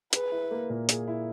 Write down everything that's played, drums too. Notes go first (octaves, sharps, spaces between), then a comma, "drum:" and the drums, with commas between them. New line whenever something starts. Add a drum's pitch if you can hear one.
G#4 B4, drum: hi-hat
E4
A#3
A#2
G#4, drum: hi-hat
E4